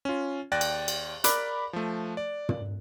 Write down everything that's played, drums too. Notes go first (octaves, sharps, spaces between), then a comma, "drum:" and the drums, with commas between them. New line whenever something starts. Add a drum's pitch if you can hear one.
C#4 F4
D#2 D5 G5 F#6 A6 A#6
drum: cymbal
drum: cymbal
A#4 D5 B5 D6 F#6, drum: hi-hat
F3 A3
D5
drum: tom